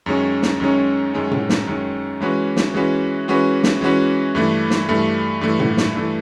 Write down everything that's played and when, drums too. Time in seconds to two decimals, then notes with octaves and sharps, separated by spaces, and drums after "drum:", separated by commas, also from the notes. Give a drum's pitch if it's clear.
0.06 F#2 D#3 G#3 C#4
0.42 drum: snare
0.60 F#2 D#3 G#3 C#4
1.14 F#2 D#3 G#3 C#4
1.31 drum: tom A2
1.49 drum: snare
1.67 F#2 D#3 G#3 C#4
2.20 E3 G#3 C#4 F#4 B4
2.56 drum: snare
2.74 E3 G#3 C#4 F#4 B4
3.28 E3 G#3 C#4 F#4 B4
3.63 drum: snare
3.81 E3 G#3 C#4 F#4 B4
4.35 G2 E3 A3
4.70 drum: snare
4.89 G2 E3 A3
5.41 G2 E3 A3
5.59 drum: tom A2
5.77 drum: snare
5.95 G2 E3 A3